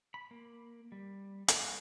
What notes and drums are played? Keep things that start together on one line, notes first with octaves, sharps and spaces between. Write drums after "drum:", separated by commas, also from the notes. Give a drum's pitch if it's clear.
B5
A#3
G3
D#5, drum: hi-hat
F#4